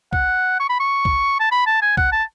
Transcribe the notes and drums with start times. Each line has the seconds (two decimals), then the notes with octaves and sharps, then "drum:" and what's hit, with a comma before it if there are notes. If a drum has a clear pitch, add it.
0.13 F#5, drum: kick
0.60 C#6
0.69 B5
0.80 C#6
1.05 drum: kick
1.40 A5
1.51 B5
1.67 A5
1.82 G#5
1.97 F#5, drum: kick
2.12 A5